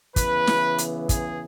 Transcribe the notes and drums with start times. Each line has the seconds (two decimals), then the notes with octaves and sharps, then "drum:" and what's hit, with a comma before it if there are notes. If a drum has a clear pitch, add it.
0.16 C#3 E3 B3 B4, drum: kick, hi-hat
0.47 drum: snare
0.78 drum: hi-hat
1.09 G#4, drum: kick, hi-hat